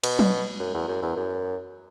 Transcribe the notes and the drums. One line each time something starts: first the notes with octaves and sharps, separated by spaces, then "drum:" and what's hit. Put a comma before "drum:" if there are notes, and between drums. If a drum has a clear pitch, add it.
B2, drum: cymbal
drum: tom F#3
F#2
E2
F#2
E2
F#2